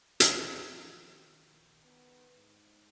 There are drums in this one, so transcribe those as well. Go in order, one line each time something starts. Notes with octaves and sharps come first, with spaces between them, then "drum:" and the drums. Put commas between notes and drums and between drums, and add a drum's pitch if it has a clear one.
D#3 F3, drum: hi-hat
A#1
B3
G#2